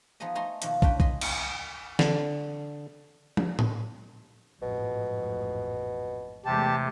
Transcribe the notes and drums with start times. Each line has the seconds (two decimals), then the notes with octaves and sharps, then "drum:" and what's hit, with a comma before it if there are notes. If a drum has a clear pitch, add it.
0.20 F3 B3 D#4 G#4 D#5
0.35 A3 D#4 G#5 A#5 C6
0.62 B2 D#3 F3 A#3, drum: hi-hat
0.82 A2 C#3 D4 B4 G5 C6, drum: kick
1.00 D#5 G#5 B5 C6, drum: kick
1.21 C4 E4, drum: cymbal
1.99 D3, drum: snare
3.37 drum: tom
3.59 drum: tom A2
4.62 A1 F2 G#2 B2
6.45 E2 C3 G#3 A3 G4 A5